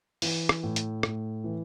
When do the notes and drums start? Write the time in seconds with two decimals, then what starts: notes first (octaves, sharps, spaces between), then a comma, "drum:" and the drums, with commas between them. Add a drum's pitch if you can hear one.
0.22 E3, drum: open hi-hat
0.49 drum: rim click
0.63 A2
0.76 drum: hi-hat
1.03 A2, drum: rim click
1.44 E3